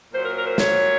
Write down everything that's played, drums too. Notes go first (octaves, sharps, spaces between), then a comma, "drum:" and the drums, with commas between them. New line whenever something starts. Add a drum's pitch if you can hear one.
A#2 F#3 C5
A#4
A#4
C5
C#5, drum: snare